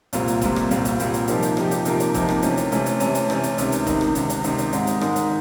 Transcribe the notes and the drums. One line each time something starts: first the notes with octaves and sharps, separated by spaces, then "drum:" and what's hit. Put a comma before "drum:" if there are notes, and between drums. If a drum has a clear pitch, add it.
C2 A#2 G3 C4 F4, drum: hi-hat
drum: hi-hat
C2 A#2 G3 C4 F4, drum: kick G1, hi-hat
drum: rim click
C2 A#2 G3 C4 F4, drum: hi-hat
drum: hi-hat
C2 A#2 G3 C4 F4, drum: hi-hat
drum: hi-hat
C3 F3 A#3 D#4 G4, drum: hi-hat
drum: hi-hat
C3 F3 A#3 D#4 G4, drum: rim click
drum: hi-hat
C3 F3 A#3 D#4 G4, drum: hi-hat
drum: hi-hat
C3 F3 A#3 D#4 G4, drum: kick G1, hi-hat
drum: rim click
C3 E3 A3 C#4, drum: hi-hat
drum: hi-hat
C3 E3 A3 C#4, drum: hi-hat
drum: hi-hat
C3 E3 A3 C#4, drum: hi-hat
drum: hi-hat
C3 E3 A3 C#4, drum: rim click
drum: hi-hat
C#2 C3 D#3, drum: hi-hat
drum: hi-hat
C#2 C3 D#3, drum: kick G1, hi-hat
drum: rim click
C#2 C3 D#3, drum: hi-hat
drum: hi-hat
C#2 C3 D#3, drum: hi-hat
drum: hi-hat
G#2 D#3 G#3, drum: hi-hat
drum: hi-hat
G#2 D#3 G#3, drum: rim click
drum: hi-hat